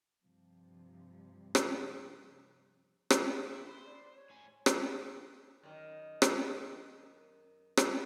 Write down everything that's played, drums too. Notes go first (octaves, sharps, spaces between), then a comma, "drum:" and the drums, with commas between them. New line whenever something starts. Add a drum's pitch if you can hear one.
G2 C3 F3
drum: rim click
drum: rim click
E4 G4
C5 B5
D5
C#5
A2 C5 G#5
drum: rim click
F#2 D#3
drum: rim click
drum: rim click